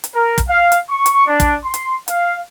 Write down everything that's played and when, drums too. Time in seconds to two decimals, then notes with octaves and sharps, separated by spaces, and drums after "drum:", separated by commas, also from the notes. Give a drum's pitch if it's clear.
0.04 drum: hi-hat
0.14 A#4
0.38 drum: kick, hi-hat
0.48 F5
0.72 drum: hi-hat
0.89 C#6
1.06 drum: hi-hat
1.26 D4
1.40 drum: kick, hi-hat
1.64 C6
1.74 drum: hi-hat
2.08 F5, drum: hi-hat